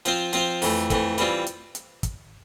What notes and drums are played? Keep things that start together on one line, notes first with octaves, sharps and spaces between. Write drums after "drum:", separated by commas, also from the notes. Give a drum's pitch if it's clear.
F3 C4 F4 C5, drum: hi-hat
F3 C4 F4 C5, drum: hi-hat
F2 E3 A3, drum: open hi-hat
F2 E3 A3, drum: kick, hi-hat
E3 G3 C4 F4, drum: hi-hat
drum: hi-hat
drum: hi-hat
drum: kick, hi-hat